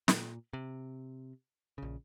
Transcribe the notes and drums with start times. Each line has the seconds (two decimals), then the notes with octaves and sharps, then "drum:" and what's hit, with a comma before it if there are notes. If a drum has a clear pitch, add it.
0.08 A#2, drum: snare
0.53 C3
1.78 A#1 C#3